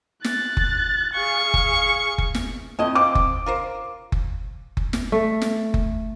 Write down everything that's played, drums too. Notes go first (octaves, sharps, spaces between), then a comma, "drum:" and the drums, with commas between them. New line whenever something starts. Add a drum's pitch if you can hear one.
F#6 A6, drum: snare
drum: kick F#1
G#4 F5 C#6
drum: kick F#1
drum: kick F#1
drum: snare
F2 E4 D#5
C4 F4 D6
drum: kick F#1
F4 A#4 C5
drum: kick F#1
drum: kick F#1
drum: snare
A3
drum: snare
drum: kick F#1